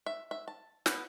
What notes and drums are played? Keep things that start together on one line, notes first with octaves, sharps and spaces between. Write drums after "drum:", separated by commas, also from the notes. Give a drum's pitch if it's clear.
E5
E5
A5
B3, drum: snare